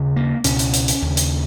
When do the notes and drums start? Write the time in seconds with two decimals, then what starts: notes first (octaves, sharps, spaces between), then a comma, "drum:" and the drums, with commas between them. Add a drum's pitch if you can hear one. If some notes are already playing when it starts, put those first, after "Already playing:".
Already playing: D#2 C#3
0.16 A#3
0.44 C#2 B2 C#4, drum: hi-hat
0.59 drum: hi-hat
0.74 drum: hi-hat
0.88 drum: hi-hat
1.02 D#2 C#3
1.17 drum: hi-hat